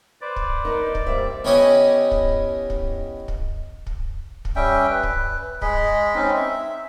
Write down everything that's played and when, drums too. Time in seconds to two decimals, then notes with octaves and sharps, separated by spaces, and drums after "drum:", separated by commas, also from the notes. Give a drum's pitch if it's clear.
0.21 B4 C5 D5
0.36 drum: kick
0.65 D#4 A#4
0.95 drum: kick
1.07 G3 A#3 C5 E5
1.44 B3 C#4 E4 G4 D#5 G#5
2.11 drum: kick
2.70 drum: kick
3.28 drum: kick
3.87 drum: kick
4.45 drum: kick
4.56 G3 C#4 E5 G5
4.90 B4
5.03 drum: kick
5.62 G#3 G#4 D#5 B5, drum: kick
6.15 C4 C#4 D#4
6.35 E5